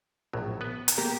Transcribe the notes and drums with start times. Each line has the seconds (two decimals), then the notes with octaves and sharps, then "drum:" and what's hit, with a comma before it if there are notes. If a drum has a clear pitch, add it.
0.33 A#1 A2 F#3
0.61 B3 B4
0.88 drum: hi-hat
0.98 A#3 G4 A#4